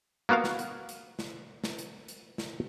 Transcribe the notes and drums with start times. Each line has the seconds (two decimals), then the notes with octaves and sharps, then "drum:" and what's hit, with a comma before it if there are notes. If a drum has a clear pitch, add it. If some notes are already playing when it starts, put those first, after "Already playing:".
0.29 A#3 B3 F#4 A#4 F5
0.44 drum: snare
0.59 drum: hi-hat
0.89 drum: hi-hat
1.19 drum: snare
1.64 drum: snare
1.79 drum: hi-hat
2.08 drum: hi-hat
2.38 drum: snare